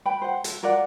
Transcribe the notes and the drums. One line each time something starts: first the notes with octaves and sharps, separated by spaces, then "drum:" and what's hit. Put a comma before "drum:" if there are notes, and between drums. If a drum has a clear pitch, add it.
B4 G5 B5
C5 F#5
A4, drum: hi-hat
F4 A#4 D5 F#5